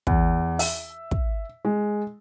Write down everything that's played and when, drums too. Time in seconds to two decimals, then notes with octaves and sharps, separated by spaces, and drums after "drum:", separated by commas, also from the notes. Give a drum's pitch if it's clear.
0.07 E2, drum: kick
0.59 E5, drum: open hi-hat
1.11 drum: kick
1.65 G#3